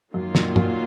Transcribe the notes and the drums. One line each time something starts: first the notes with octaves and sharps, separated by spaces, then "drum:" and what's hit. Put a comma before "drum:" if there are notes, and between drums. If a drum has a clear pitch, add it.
F#2 D#3 F#3 A#3 F4
F#2 A#2, drum: snare
F#2 A#2, drum: tom G2